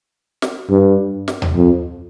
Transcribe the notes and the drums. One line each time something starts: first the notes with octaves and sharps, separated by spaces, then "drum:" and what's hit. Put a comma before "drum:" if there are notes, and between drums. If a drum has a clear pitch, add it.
drum: snare
G2
drum: snare
drum: tom D#2
F2